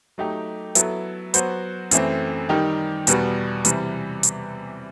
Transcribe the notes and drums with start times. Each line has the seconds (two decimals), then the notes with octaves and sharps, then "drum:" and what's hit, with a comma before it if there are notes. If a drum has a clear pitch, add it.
0.18 F#3 A3 D#4 G4
0.75 F#3 B3 E4 A4, drum: hi-hat
1.34 F#3 B3 F#4 C5, drum: hi-hat
1.91 F#2 E3 A3 C4, drum: hi-hat
2.49 D#3 G3 D#4 G4
3.07 E2 B2 G3 B3 F#4, drum: hi-hat
3.65 C3 E3 G3, drum: hi-hat
4.23 drum: hi-hat